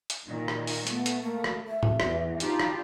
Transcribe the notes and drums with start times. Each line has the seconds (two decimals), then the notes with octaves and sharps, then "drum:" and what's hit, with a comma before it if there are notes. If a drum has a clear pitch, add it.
0.10 drum: hi-hat
0.26 A#2 D#3
0.48 drum: rim click
0.67 drum: open hi-hat
0.87 A3 B3, drum: hi-hat
1.06 drum: hi-hat
1.22 A#3
1.44 drum: rim click
1.68 E5
1.83 drum: tom A2
2.00 E2, drum: rim click
2.40 D4 D#4 F4 G4, drum: hi-hat
2.59 drum: rim click